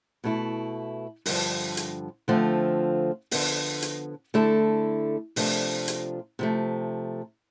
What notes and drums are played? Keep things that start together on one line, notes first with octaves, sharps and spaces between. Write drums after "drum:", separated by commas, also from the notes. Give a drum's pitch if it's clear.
B2 A3 E4
G2 D3 F3, drum: open hi-hat
drum: hi-hat
D3 F3 A3 C4 F4
D3 F3 B3, drum: open hi-hat
drum: hi-hat
D3 A3 E4 A4
C3 F3 A3 D4 F4, drum: open hi-hat
drum: hi-hat
C3 F3 A3